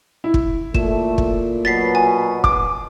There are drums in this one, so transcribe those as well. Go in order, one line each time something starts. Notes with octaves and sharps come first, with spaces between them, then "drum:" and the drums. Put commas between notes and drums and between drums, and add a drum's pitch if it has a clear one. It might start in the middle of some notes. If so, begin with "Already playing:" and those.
E4
drum: kick
A#2 A3 E7, drum: kick
drum: kick
B2 F#3 A6 B6 C7
G#5
D6, drum: kick